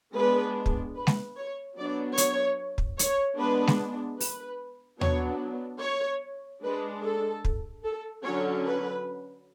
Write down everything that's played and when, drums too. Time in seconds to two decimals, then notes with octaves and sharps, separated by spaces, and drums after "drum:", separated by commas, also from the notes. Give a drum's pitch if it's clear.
0.15 G#3 B3 D4 B4
0.66 drum: kick
0.96 B4
1.07 drum: snare G#3
1.37 C#5
1.77 F#3 B3 D4 D5
2.18 C#5, drum: hi-hat
2.78 drum: kick
2.99 C#5, drum: hi-hat
3.39 G#3 B3 D4 B4
3.67 drum: snare G#3
4.20 B4, drum: open hi-hat
5.01 F#3 B3 D4 C#5, drum: tom D#2
5.82 C#5
6.63 G#3 D4 B4
7.03 A4
7.45 drum: kick
7.84 A4
8.25 D3 F#3 C#4 C#5
8.66 B4